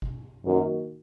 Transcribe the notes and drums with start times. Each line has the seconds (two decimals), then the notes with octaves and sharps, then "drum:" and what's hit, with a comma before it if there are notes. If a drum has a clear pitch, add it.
0.02 drum: kick G1
0.45 F#2 D#3 A#3 D#4 F#4 A#4